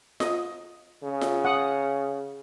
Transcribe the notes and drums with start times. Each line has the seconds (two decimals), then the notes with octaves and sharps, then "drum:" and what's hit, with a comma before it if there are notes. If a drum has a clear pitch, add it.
0.20 D#5, drum: snare F4
1.03 C#3
1.21 drum: snare F4
1.45 F#5 D#6